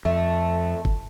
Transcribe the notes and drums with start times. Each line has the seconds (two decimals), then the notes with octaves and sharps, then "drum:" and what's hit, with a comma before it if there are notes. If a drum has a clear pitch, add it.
0.05 F2 A3
0.85 drum: kick G1